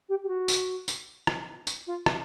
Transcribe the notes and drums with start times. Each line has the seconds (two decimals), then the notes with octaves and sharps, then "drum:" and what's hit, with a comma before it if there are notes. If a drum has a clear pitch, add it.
0.09 G4
0.24 G4
0.28 F#4
0.48 drum: tambourine
0.88 drum: tambourine
1.27 drum: rim click
1.67 drum: tambourine
1.87 F4
2.06 drum: rim click